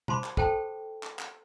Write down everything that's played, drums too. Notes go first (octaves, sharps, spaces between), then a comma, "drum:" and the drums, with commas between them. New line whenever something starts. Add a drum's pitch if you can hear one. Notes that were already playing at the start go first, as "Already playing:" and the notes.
F4 C5 A5 B5 C6 D6, drum: tom B2
drum: clap
A4 C5 G5 A5, drum: kick
drum: clap
drum: clap